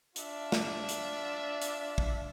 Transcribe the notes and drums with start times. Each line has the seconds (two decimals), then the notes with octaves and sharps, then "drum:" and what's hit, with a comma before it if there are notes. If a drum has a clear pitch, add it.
0.16 D4 F4 E5, drum: hi-hat
0.52 drum: snare
0.89 drum: hi-hat
1.62 drum: hi-hat
1.98 drum: kick